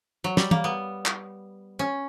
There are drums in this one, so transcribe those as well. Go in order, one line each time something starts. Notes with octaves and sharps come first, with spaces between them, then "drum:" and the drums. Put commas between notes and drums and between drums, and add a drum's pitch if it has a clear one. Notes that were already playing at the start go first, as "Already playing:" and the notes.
F#3
G3, drum: snare
A#3, drum: tom
B3
drum: clap
C#4